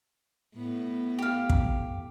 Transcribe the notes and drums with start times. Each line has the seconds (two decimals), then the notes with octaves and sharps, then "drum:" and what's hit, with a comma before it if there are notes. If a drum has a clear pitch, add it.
0.56 A2 B3
1.19 G4 F5
1.50 drum: kick